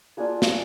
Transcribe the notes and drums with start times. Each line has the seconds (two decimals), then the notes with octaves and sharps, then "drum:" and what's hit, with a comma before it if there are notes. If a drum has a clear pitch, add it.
0.17 A#3 D4 F4 F#4 G#4
0.42 F#4, drum: snare